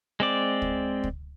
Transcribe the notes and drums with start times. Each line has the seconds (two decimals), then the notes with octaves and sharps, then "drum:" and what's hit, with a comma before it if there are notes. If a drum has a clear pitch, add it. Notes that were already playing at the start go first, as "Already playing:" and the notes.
0.20 G#3 C4 D5
0.62 drum: kick
1.04 drum: kick